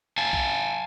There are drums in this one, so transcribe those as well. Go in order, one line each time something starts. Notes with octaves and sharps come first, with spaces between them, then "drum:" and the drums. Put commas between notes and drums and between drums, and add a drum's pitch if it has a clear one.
F5 G#5 A5
drum: kick B1